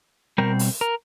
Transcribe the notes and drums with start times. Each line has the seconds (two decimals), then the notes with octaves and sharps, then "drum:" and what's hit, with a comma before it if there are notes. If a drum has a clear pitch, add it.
0.38 B2 G3 C4 A#4
0.59 drum: open hi-hat
0.81 A#4